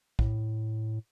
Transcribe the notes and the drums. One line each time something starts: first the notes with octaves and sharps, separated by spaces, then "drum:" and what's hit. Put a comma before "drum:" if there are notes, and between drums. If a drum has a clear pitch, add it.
A2, drum: kick